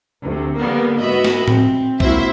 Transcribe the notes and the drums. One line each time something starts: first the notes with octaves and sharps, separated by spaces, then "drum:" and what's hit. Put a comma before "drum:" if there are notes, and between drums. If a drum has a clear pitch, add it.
D2 C3
D3 G3 A#3 B3
G#2 B3 F#4 D#5 E5 B5
drum: snare
C4, drum: tom A2
G#3 A#3 E4 F#4 C5 E5, drum: kick B1